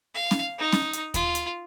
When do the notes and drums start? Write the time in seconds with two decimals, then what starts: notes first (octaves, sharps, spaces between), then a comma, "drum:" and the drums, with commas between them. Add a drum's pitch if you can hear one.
0.15 F5
0.31 drum: snare C#4
0.59 D#4
0.72 drum: snare C#4
0.93 drum: hi-hat
1.14 F4, drum: kick D#2, hi-hat
1.35 drum: hi-hat